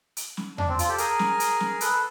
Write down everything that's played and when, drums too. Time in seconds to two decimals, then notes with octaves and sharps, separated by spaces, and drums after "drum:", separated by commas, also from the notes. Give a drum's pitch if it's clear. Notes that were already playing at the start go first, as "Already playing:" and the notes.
0.17 drum: hi-hat
0.37 drum: snare
0.58 D4, drum: tom E2
0.69 C4
0.79 F4, drum: hi-hat
0.88 G4 A4
0.98 G#4 A#4, drum: hi-hat
1.19 drum: snare
1.40 drum: hi-hat
1.60 drum: snare
1.81 A4 B4, drum: hi-hat
1.93 A4